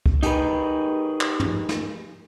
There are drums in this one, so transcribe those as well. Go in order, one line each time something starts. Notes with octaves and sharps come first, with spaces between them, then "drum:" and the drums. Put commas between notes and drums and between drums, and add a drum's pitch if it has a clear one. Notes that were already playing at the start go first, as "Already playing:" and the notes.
drum: kick C#2
D#4 G4 G#4 A#4 B4, drum: hi-hat
drum: clap
drum: tom
drum: snare